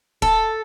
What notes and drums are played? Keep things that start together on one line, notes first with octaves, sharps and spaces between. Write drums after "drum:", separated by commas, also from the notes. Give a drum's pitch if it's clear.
A4, drum: kick